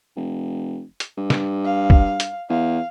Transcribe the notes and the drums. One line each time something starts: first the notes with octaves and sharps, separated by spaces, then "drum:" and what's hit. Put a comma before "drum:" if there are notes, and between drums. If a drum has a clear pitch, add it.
F1
drum: hi-hat
G2
drum: snare
F5
drum: kick
drum: hi-hat
E2 F5